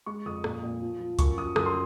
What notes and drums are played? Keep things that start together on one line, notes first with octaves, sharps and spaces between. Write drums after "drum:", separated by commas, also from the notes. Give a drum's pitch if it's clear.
G#3 C#6
F2 D#6
A#2 D#6, drum: rim click
A#2
F3
F3
F#2 C#6, drum: kick C#2, hi-hat
F3 D#6
F#2 D#6, drum: rim click
C6